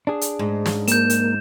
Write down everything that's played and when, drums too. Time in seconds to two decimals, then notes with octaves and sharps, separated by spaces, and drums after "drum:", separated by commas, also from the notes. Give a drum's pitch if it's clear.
0.07 D4 G#4
0.21 drum: hi-hat
0.39 G#2
0.66 drum: snare
0.88 A#3 G6 E7, drum: hi-hat
1.10 drum: hi-hat